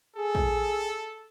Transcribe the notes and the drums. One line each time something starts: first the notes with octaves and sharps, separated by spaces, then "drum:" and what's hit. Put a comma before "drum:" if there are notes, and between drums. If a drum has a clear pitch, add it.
G#4 A4
drum: kick A#1